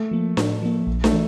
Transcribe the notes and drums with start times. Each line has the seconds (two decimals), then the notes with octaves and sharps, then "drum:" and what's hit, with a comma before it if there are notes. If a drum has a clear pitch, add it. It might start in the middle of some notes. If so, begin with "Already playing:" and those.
Already playing: A3
0.11 F3 A#3
0.37 A2, drum: snare D4
0.62 F3 A#3
0.87 A#1
1.04 A3, drum: snare D4
1.13 E3